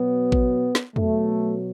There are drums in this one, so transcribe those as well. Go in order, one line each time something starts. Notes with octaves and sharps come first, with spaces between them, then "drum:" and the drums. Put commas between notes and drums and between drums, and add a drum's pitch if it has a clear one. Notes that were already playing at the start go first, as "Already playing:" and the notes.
Already playing: B2 F#3 B3
drum: kick A1
drum: snare
B2 F#3 A3, drum: tom E2